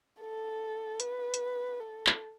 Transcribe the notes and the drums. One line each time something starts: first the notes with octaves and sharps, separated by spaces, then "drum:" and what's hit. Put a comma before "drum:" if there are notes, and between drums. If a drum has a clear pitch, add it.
A4
B4, drum: hi-hat
drum: hi-hat
A4
drum: clap